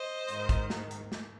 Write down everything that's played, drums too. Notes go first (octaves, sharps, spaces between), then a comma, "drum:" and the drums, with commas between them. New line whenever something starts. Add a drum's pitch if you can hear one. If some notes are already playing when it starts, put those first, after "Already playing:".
Already playing: C5 D#5
G#2 D#3, drum: hi-hat
drum: kick, hi-hat
drum: snare
drum: hi-hat
drum: snare